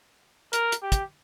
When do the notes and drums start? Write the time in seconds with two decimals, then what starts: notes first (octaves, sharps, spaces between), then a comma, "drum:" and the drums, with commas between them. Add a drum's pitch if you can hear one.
0.53 A#4, drum: hi-hat
0.72 drum: hi-hat
0.82 G4
0.92 drum: kick, hi-hat